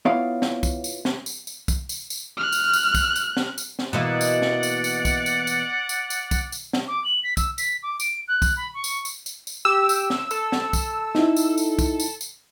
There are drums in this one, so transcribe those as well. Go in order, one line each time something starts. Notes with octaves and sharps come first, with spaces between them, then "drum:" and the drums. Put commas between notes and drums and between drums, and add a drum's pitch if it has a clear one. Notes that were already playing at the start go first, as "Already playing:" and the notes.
B3 E4 F4 C#5 D5 F5
drum: snare
drum: kick, tambourine
drum: tambourine
drum: snare
drum: tambourine
drum: tambourine
drum: kick, tambourine
drum: tambourine
drum: tambourine
F6 F#6
drum: tambourine
drum: tambourine
drum: kick, tambourine
drum: tambourine
drum: snare
drum: tambourine
drum: snare
B2 E3 A#3 D5 F#5
drum: tambourine
drum: snare
drum: tambourine
drum: tambourine
drum: kick, tambourine
drum: tambourine
drum: tambourine
drum: tambourine
drum: tambourine
drum: kick, tambourine
drum: tambourine
drum: snare
D6
F#7
B6
E6, drum: kick, tambourine
B6, drum: tambourine
D6
D7, drum: tambourine
F#6
drum: kick, tambourine
B5
C#6
drum: tambourine
drum: tambourine
drum: tambourine
drum: tambourine
G4 E6
drum: tambourine
drum: snare
A4, drum: tambourine
drum: snare
drum: kick, tambourine
D#4 E4, drum: snare
drum: tambourine
drum: tambourine
drum: kick, tambourine
drum: tambourine
drum: tambourine